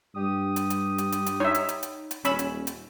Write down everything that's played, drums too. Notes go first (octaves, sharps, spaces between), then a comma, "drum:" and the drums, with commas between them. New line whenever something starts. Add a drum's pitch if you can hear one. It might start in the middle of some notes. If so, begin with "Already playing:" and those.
G2 G4 D#6
drum: hi-hat
drum: hi-hat
drum: hi-hat
drum: hi-hat
drum: hi-hat
D#4 C#5 E5
drum: hi-hat
drum: hi-hat
drum: hi-hat
drum: hi-hat
D#1 C#4 B5 E6, drum: hi-hat
drum: hi-hat
drum: hi-hat